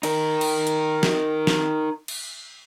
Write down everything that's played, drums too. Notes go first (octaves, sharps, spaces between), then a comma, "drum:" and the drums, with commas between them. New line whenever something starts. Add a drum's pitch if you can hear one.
D#4 A#4, drum: cymbal
drum: cymbal
drum: hi-hat
drum: snare
drum: snare
drum: cymbal